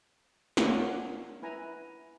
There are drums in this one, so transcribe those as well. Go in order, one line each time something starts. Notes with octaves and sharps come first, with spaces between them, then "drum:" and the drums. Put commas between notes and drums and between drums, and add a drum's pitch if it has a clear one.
A#3 C#4 D4 F4 C#5 F#5, drum: snare
E4 B4 G#5 A#5